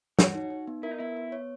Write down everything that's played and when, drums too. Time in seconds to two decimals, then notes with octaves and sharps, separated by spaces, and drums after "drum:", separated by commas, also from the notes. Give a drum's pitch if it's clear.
0.19 F#4 C#5, drum: snare
0.35 D#4
0.50 D#4
0.67 B3
0.83 E4 A#4
0.91 D#4
0.99 B3 E4
1.17 B3
1.32 C#5